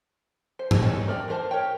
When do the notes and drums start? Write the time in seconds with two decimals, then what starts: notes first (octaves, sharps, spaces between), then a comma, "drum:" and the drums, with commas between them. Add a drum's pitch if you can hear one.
0.59 C5
0.71 drum: tom G#2
0.82 F#3 C4 C#4 D#4
1.08 A#4 D5 D#5 G5 A#5
1.28 E3 A#3 A#4 C5 A5
1.51 G4 A#4 C#5 G5